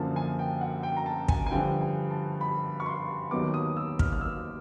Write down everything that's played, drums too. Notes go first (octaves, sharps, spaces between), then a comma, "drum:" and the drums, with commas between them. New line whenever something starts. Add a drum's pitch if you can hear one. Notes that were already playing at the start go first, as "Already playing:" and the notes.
Already playing: F#2 D3 F3 A#3 G#5 A5
G#5
G5
F#5
G5
A#5
A5
G#5, drum: kick
G#5
G2 D3 F3 G5
G#5
A5
B5
C#6
C6
D#2 D#3 F#3 B3 D6
D#6
E6
F6, drum: kick
F6
E6